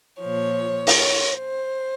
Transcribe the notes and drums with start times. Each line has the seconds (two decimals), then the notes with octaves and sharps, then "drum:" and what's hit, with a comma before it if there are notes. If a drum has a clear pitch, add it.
0.21 A#2 F3 C#5
0.87 drum: open hi-hat
0.98 C#5
1.37 C5